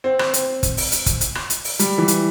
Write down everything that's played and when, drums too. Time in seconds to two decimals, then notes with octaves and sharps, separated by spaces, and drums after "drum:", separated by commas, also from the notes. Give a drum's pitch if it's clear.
0.04 C4
0.19 drum: rim click
0.34 C4, drum: hi-hat
0.63 drum: kick, hi-hat
0.77 drum: open hi-hat
0.92 drum: hi-hat
1.06 drum: kick, hi-hat
1.21 drum: hi-hat
1.35 drum: rim click
1.50 drum: hi-hat
1.64 drum: open hi-hat
1.79 G3, drum: hi-hat
1.98 E3
2.08 drum: hi-hat